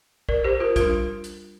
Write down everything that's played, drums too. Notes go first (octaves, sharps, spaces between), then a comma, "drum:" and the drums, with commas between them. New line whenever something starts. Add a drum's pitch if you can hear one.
A#4 D5, drum: kick
G4 C5
F4 A#4
G3 D4 F4 A#4, drum: kick, hi-hat
drum: hi-hat